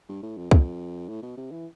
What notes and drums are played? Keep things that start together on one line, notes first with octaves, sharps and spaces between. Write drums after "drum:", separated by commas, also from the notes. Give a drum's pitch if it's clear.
G2
A2
F2
F2, drum: kick
A2
B2
C3
E3